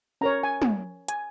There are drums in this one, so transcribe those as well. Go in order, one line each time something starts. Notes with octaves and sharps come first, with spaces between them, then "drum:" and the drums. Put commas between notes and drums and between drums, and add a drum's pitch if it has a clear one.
C#4 A#4 C#5 A#5
G#5
drum: tom
G#5, drum: hi-hat